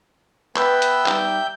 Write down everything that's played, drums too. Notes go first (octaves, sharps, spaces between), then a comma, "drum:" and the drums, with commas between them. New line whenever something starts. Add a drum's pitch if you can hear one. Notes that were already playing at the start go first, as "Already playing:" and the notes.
B3 B4 E5 G5 E6 G6, drum: clap
drum: hi-hat
G3 D#4 G4, drum: clap